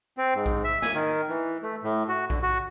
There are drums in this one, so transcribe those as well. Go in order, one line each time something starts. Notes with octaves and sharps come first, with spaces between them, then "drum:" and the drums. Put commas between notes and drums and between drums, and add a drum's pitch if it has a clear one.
C4
G#2
drum: kick A#1
E5
G#5, drum: snare
D#3
E3
A3
A2
F#4
D3, drum: kick A#1
F#4